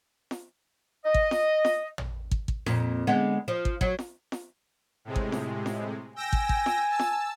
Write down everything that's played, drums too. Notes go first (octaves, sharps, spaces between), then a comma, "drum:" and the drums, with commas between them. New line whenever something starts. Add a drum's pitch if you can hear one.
drum: snare F4
D#5
drum: kick
drum: snare F4
drum: snare F4
drum: tom
drum: kick
drum: kick
F2 A#2, drum: snare F4
D3 G#3 B3
F3
drum: kick
F#3, drum: kick
drum: snare F4
drum: snare F4
A2 C3 G#3
drum: kick
drum: snare F4
drum: snare F4
G5 G#5 E6 A#6
drum: kick
drum: kick
drum: snare F4
A5 E6
drum: snare F4